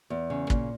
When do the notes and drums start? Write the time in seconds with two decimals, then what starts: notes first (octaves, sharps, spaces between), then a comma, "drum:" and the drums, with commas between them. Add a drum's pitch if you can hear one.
0.10 E2
0.30 C#3
0.50 A#2, drum: kick